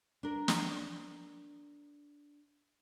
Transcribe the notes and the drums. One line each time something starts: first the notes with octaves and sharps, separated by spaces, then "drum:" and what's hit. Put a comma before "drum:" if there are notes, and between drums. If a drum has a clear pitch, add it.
D4 A#4
drum: snare